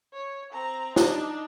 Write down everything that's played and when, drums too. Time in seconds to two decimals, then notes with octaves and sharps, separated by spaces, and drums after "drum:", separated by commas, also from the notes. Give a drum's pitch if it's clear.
0.13 C#5
0.52 C4 A#5
0.96 D4 D#4, drum: snare